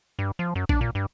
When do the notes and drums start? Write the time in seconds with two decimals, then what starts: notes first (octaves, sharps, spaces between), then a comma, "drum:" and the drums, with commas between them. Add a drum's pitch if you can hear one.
0.19 G2
0.39 F3
0.55 F#2
0.69 D4, drum: kick A#1
0.81 A#2
0.95 G2